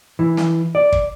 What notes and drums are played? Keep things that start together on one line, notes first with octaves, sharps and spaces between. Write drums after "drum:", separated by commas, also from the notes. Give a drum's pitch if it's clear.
E3
drum: snare
D5
drum: kick